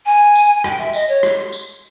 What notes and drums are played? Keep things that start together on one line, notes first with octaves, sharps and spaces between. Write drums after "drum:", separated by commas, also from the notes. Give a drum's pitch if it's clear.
G#5
drum: tambourine
G5, drum: rim click
E5
D#5, drum: tambourine
C#5
drum: rim click
drum: tambourine